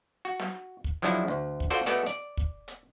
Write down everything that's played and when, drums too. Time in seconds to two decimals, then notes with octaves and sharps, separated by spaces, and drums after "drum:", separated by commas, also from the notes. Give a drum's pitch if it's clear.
0.25 F#4
0.40 drum: snare
0.84 drum: kick
1.02 F3 F#3 G#3 D4 E4 F#4
1.28 D2
1.60 drum: kick
1.70 F4 F#4 A4 C5 D5
1.86 G#3 A3 B3 F#4 A4 D5
2.06 D5, drum: hi-hat
2.37 drum: kick
2.68 drum: hi-hat